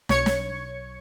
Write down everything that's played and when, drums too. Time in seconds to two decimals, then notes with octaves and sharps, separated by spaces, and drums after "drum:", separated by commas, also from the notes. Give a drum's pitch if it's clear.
0.09 B1 C#5 G#6 C#7, drum: snare
0.26 drum: snare